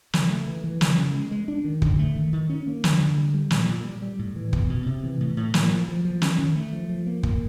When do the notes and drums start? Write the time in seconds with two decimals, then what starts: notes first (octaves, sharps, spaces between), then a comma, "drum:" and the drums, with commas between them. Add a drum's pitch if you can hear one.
0.13 C#3, drum: snare
0.29 A3
0.46 E3
0.64 E3
0.81 C#3, drum: snare
0.98 C#3
1.14 G#3
1.31 G#3
1.48 D4
1.65 D#3
1.82 D3, drum: kick
1.99 A3
2.15 D#3
2.33 D#3
2.49 C#4
2.67 A#3
2.84 D3, drum: snare
3.00 D3
3.17 G3
3.34 G3
3.51 A#2, drum: snare
3.68 A#2
3.84 G3
4.02 G3
4.19 A2
4.36 E3
4.53 B2, drum: kick
4.69 B2
4.86 C3
5.04 E3
5.21 A2
5.37 A2
5.54 A#3, drum: snare
5.71 F3
5.88 F3
6.05 F3
6.22 C#4, drum: snare
6.38 D#3
6.55 A3
6.73 F3
6.89 F3
7.07 A#3
7.23 A#3, drum: kick